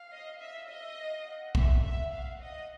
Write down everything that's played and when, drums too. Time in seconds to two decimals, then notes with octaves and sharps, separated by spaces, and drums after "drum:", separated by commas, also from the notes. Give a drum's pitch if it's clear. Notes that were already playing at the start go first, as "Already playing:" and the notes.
Already playing: F5
0.12 D#5
0.41 E5
0.69 D#5 E5
0.98 F5
1.26 F#5
1.55 E5 F#5, drum: kick B1
1.83 E5
2.12 F5
2.41 D#5